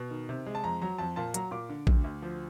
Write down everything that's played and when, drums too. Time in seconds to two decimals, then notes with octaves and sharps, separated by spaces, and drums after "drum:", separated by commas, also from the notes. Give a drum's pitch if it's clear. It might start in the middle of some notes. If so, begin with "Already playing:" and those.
Already playing: B2
0.10 D#3
0.29 C3
0.46 G#3
0.55 A5
0.64 F2 A#5
0.82 F#3 A#5
0.98 F2 A5
1.16 A#2 A5
1.34 F#3 A#5, drum: hi-hat
1.51 A#2 D6
1.69 D3
1.87 D2, drum: kick A#1
2.04 D2
2.22 F3